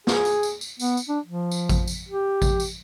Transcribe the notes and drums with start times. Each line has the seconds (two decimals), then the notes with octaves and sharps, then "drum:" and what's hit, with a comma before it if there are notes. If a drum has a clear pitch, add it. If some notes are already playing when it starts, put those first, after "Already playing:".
0.07 G#4, drum: snare
0.25 drum: tambourine
0.43 drum: tambourine
0.61 drum: tambourine
0.80 B3, drum: tambourine
0.97 drum: tambourine
1.09 D4
1.26 F3
1.51 drum: tambourine
1.69 drum: kick A1, tambourine
1.88 drum: tambourine
2.09 G4
2.42 drum: kick A1, tambourine
2.60 drum: tambourine